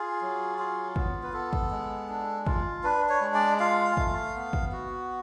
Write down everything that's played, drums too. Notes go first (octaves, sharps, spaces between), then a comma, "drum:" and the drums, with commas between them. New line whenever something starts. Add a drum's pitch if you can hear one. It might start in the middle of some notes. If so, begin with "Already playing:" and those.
Already playing: F4 G#4
F#3
F4
B3, drum: kick
B4
B3 A4
drum: kick
G#3
D4
F4, drum: kick
D4 B4
C#5
G#3
D5
F4 F5
A3, drum: kick
B3
drum: kick
F#4